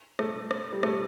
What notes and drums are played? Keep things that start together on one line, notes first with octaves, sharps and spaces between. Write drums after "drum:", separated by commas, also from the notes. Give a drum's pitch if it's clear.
A3, drum: rim click
drum: rim click
G3
A3, drum: rim click